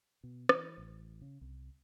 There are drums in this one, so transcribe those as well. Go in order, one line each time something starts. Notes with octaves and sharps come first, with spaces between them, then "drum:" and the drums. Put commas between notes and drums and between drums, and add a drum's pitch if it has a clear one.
B2
E3, drum: rim click
A1
C#3
C2